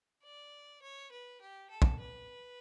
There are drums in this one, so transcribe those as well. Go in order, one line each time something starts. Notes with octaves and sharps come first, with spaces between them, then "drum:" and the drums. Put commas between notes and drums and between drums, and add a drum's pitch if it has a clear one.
D5
C#5
B4
G4
A4
drum: kick
B4